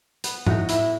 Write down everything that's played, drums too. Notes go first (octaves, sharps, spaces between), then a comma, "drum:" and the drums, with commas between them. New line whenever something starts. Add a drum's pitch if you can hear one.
B3, drum: hi-hat
A2 D#4 F#4, drum: tom G#2
A2 E4, drum: hi-hat